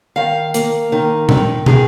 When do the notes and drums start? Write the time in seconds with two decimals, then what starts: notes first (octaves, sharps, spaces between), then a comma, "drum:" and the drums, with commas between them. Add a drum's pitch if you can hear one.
0.16 D#3 F5
0.54 A#3, drum: hi-hat
0.92 D#3
1.29 D#3, drum: tom A#2
1.66 D#3 G#4, drum: tom